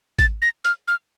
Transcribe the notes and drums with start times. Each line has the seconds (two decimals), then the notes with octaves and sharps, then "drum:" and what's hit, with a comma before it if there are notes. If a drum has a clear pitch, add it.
0.19 A6, drum: kick G#1, hi-hat
0.42 A#6
0.65 F6, drum: hi-hat
0.88 F6